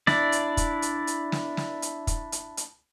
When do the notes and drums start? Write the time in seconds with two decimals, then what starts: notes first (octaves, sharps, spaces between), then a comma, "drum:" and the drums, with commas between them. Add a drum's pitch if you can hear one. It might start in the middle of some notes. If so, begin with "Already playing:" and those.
0.07 D4 E4 D5, drum: snare
0.32 drum: hi-hat
0.57 drum: kick, hi-hat
0.82 drum: hi-hat
1.07 drum: hi-hat
1.32 drum: snare
1.57 drum: snare
1.82 drum: hi-hat
2.07 drum: kick, hi-hat
2.32 drum: hi-hat
2.57 drum: hi-hat